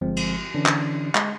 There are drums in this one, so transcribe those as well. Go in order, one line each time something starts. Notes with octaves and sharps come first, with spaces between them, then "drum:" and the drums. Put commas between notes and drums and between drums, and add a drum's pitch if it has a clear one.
G1 F3 G#3 C4
drum: cymbal
D3 E3 C#4 D4
drum: clap
G#3 D#5, drum: clap